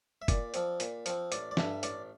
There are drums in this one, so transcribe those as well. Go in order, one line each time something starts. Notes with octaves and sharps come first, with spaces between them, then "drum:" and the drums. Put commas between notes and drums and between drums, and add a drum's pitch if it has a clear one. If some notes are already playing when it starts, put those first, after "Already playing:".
E5
A#2 D5, drum: kick, hi-hat
F3 C4, drum: hi-hat
A#2, drum: hi-hat
F3 C4, drum: hi-hat
A1 D5, drum: hi-hat
D5
G2 D3 G3 E5, drum: snare
A1 D5, drum: hi-hat